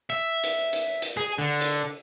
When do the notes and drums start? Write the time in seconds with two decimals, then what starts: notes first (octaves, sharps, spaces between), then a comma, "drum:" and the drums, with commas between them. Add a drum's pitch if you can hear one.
0.10 E5
0.44 drum: hi-hat
0.73 drum: hi-hat
1.02 drum: hi-hat
1.17 G#4
1.38 D3
1.61 drum: hi-hat